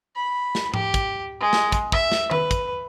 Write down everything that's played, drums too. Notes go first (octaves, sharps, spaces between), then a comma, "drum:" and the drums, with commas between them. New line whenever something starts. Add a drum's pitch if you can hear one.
B5
drum: snare
G4, drum: tom G#2
drum: kick, hi-hat
G#3
drum: snare
drum: kick, hi-hat
E5, drum: kick
drum: snare
B4, drum: tom D#3
drum: kick, hi-hat